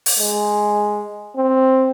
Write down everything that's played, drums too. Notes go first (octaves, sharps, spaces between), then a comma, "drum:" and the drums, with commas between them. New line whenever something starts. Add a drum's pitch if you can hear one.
drum: open hi-hat
G#3
C4